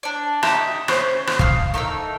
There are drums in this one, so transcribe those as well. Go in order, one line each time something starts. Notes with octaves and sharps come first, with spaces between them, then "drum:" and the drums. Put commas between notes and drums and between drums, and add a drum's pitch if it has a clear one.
D4 D5
D#4 G4 E5 A#5, drum: rim click
C#4 C5, drum: rim click
drum: rim click
F5 D#6 F6, drum: kick
A3 D#4 A#4 E6